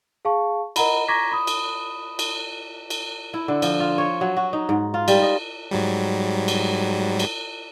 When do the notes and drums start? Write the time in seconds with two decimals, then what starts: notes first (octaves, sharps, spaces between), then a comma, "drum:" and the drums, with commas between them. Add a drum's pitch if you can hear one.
0.25 G#4 F5 A5 C#6
0.76 A#4 D#5 F#5 A#5 B5, drum: cymbal
1.08 A#5 C#6 D6 G#6 A#6 B6
1.31 B5 D#6
1.47 drum: cymbal
2.19 drum: cymbal
2.90 drum: cymbal
3.34 E4
3.48 D3
3.62 F3, drum: cymbal
3.80 F4
3.98 C#5
4.21 F#3
4.37 F#4
4.53 D#4
4.69 G#2
4.94 F4
5.08 G3, drum: cymbal
5.22 D#5
5.71 G#2 F#3 G3
6.48 drum: cymbal
7.19 drum: cymbal